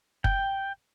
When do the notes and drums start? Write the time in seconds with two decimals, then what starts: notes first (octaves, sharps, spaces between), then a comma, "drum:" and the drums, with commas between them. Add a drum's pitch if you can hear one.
0.24 G5, drum: kick F#1